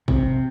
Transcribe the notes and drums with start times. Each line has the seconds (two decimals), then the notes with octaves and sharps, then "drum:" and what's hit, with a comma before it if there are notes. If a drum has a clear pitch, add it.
0.08 C3, drum: kick G#1